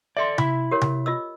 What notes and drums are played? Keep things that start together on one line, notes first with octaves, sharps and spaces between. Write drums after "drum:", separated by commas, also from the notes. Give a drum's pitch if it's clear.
A4 D5 E5 C6
E4 B5, drum: tom C3
G4 A#4 C#5
drum: tom C3
F4 D#5 E6